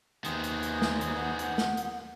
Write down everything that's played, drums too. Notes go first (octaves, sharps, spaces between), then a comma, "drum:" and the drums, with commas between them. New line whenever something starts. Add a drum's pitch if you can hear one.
D#2 D#3 B3 G#4 C5, drum: hi-hat
drum: hi-hat
drum: hi-hat
drum: snare
drum: hi-hat
F#5
drum: hi-hat
drum: snare
drum: hi-hat